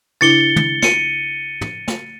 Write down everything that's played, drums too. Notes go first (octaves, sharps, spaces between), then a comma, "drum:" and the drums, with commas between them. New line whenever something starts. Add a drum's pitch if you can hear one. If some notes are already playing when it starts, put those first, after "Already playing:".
C#3 D4 E4 A6 C#7 G7
drum: tom
C#7 D#7, drum: snare
drum: tom
drum: snare